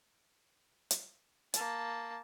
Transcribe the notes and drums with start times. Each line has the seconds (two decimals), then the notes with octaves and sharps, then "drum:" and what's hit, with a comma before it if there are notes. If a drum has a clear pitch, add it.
0.91 drum: hi-hat
1.54 A#3 A5, drum: hi-hat